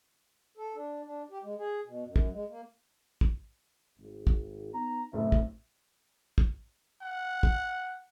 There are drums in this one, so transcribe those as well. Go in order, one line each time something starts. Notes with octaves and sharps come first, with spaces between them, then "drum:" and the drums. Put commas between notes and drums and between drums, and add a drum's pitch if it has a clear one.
A4
D4
D4
G4
G#3
G#4
B2
F#2
drum: kick
G#3
A#3
drum: kick
G#1
drum: kick
B3 D#4 A#5
F#1 A2 C3 A3 F#4 E5
drum: kick
drum: kick
F#5
drum: kick